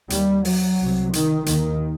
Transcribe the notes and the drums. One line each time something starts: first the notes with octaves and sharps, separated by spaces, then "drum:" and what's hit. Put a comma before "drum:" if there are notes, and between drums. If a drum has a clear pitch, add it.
D#2 G3, drum: hi-hat
F#3, drum: open hi-hat
C2 C3
D#3, drum: hi-hat
D#2 D#3, drum: hi-hat